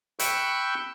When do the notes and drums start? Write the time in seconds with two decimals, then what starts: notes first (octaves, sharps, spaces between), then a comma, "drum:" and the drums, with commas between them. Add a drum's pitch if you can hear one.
0.19 G5 B5 C#6 E6 F#6 G6, drum: hi-hat